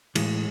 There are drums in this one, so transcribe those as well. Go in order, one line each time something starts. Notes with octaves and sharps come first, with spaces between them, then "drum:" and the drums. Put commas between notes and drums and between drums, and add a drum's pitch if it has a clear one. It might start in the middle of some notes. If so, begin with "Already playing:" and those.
A2 E3 G#3, drum: cymbal